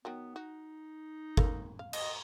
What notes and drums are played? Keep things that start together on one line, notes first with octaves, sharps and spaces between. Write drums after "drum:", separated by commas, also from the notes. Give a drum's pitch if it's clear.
D#3 F#3 B3 F#4
D#4 F#4
A4 A#4 F5, drum: kick G1
F5
D#5, drum: cymbal